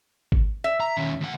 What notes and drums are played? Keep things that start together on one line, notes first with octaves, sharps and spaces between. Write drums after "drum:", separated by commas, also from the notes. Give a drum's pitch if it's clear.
drum: kick G#1
E5
A#5
D#2 C#4
D2 F#5